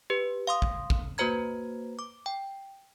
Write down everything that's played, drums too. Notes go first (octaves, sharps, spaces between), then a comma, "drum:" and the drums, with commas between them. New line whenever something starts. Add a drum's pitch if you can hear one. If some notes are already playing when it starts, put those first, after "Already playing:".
G4 B4
F5 C6 D#6
drum: kick
drum: kick
A#3 F#4 B4 C5 A#5 G#6
D6
G5